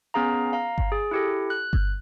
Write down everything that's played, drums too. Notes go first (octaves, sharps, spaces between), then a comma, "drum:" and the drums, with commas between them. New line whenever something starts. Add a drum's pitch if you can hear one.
B3 C#4 G#4 F5 A#5
F5 A#5
drum: kick G1
G#4
E4 G4 A4
F#6
drum: kick G1